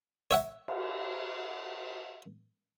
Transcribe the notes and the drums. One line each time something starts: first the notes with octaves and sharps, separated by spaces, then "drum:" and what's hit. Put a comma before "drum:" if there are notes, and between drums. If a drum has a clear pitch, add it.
C#5 E5 F#5, drum: hi-hat
drum: cymbal